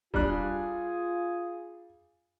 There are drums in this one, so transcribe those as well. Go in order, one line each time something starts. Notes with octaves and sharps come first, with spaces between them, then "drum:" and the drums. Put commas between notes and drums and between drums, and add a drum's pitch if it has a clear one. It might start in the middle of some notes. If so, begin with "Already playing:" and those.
G3 D4 F4 G#4 F#6, drum: kick D#1